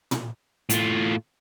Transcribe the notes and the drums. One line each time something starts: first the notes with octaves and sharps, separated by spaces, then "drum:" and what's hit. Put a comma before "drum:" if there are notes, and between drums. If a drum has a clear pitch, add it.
drum: tom
A2 F4, drum: hi-hat